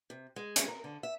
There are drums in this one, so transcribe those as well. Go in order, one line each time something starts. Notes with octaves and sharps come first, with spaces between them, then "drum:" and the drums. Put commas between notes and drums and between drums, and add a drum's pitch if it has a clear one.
C3
G#3
drum: hi-hat
A#4
D3
E5